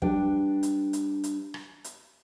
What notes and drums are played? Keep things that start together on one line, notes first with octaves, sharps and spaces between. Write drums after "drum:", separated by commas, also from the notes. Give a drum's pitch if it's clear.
G3 D4 B4 G5, drum: kick
drum: hi-hat
drum: hi-hat
drum: hi-hat
drum: rim click
drum: hi-hat